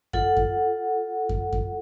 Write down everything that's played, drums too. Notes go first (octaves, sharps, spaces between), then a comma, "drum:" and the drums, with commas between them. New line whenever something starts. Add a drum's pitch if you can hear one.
F4 A4 F#5, drum: kick F#2
drum: kick F#2
drum: kick F#2
drum: kick F#2